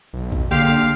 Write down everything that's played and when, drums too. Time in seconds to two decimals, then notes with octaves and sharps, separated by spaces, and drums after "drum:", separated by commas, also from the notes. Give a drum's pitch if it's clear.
0.13 B1
0.32 drum: kick A#1
0.51 D3 A#3 G4 G#4 F5 C6